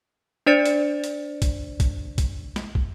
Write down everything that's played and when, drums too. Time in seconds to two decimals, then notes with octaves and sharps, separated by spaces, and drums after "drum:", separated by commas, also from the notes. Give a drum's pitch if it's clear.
0.46 D4 C5 D5 A6 C#7
0.66 drum: hi-hat
1.04 drum: hi-hat
1.42 drum: kick, hi-hat
1.80 drum: kick, hi-hat
2.18 drum: kick, hi-hat
2.56 drum: snare
2.75 drum: kick